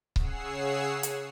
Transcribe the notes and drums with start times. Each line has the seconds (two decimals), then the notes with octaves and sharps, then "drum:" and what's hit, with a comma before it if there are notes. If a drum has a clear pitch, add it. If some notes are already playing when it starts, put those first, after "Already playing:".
0.16 C#3 G#4 C#5 F#5 E6 C7, drum: kick C#1
1.03 drum: hi-hat